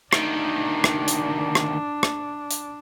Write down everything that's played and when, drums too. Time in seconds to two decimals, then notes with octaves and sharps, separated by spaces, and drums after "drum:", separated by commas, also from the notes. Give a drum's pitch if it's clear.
0.13 D2 D#3 D4, drum: rim click
0.84 drum: rim click
1.08 drum: hi-hat
1.55 drum: rim click
2.03 drum: rim click
2.51 drum: hi-hat